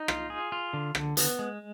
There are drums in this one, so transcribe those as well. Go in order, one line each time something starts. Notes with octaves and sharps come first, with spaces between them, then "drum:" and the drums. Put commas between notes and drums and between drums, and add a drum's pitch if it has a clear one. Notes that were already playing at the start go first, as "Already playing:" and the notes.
Already playing: D#4
F4, drum: rim click
G#4
F4
D3
D3, drum: rim click
B3, drum: hi-hat
G#3